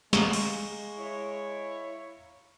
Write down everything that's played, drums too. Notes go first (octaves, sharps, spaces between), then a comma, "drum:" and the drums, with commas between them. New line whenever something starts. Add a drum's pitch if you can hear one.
G#3 F5 A#5 C#6, drum: snare
drum: cymbal
E4 C#5